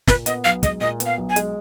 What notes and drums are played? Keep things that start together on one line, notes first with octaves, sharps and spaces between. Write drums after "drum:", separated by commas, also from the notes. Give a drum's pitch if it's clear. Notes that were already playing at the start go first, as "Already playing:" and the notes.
A#2 B4, drum: snare
B3 D#5, drum: hi-hat
B1 F5
G#3 D#5, drum: kick, hi-hat
A#2 D#5
B3, drum: hi-hat
F5
B1
G#5
G#3, drum: hi-hat